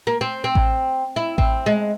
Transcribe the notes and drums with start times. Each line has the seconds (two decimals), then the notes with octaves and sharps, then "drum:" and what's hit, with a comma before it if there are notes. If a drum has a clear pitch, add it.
0.07 A#3
0.21 C4
0.44 C4
0.55 drum: kick A1
1.16 E4
1.38 C4, drum: kick A1
1.66 G#3